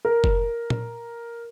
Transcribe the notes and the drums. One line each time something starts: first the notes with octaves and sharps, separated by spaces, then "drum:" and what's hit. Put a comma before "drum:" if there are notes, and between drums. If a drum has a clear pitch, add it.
A#4
drum: kick F1
drum: tom A#2